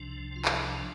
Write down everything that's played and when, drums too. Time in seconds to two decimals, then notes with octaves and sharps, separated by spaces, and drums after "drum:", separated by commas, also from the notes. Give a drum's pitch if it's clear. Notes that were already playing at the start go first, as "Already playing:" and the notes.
Already playing: C2 C3 F3 D4
0.36 F4
0.45 D4, drum: clap